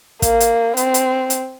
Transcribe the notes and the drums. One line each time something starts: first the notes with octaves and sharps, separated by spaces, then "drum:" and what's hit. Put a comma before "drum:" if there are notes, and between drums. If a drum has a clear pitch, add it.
A#3, drum: kick, hi-hat
drum: hi-hat
C4, drum: hi-hat
drum: hi-hat
drum: hi-hat